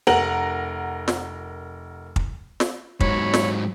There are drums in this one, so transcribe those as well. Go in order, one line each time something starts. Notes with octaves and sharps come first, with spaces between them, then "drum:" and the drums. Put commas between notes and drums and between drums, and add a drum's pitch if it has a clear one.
F1 A#4 F#5 F#7
drum: snare
drum: kick
drum: snare
G#2 F#3 C#5 B5, drum: kick
drum: snare